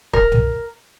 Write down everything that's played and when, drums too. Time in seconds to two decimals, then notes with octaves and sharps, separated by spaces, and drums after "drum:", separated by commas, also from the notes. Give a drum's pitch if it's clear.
0.13 A#4, drum: kick
0.32 drum: tom B1